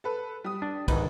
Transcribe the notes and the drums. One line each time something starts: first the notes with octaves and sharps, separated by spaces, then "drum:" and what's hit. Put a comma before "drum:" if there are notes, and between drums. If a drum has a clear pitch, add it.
A4 B4
G3 D#6
D4
G#1 D#4 B4, drum: kick, cymbal